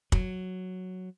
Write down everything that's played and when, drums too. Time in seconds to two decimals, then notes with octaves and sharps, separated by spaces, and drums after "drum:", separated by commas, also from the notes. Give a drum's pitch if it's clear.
0.12 F#3, drum: kick